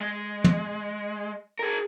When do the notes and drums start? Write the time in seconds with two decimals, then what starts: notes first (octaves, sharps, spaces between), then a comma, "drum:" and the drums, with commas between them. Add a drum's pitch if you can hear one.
0.01 G#3
0.44 drum: tom
1.59 G#4 A#4